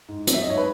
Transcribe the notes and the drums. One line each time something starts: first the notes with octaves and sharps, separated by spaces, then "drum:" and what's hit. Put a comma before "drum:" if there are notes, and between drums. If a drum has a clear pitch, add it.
G#2
F#3, drum: hi-hat
E5
D#5
G#2 C#5
B4